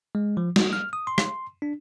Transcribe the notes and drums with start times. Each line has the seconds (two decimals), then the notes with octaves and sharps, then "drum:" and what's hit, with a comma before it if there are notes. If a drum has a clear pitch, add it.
0.15 G#3
0.37 F3
0.56 F#4, drum: snare
0.73 F6
0.93 D#6
1.07 C6
1.18 drum: rim click
1.62 D4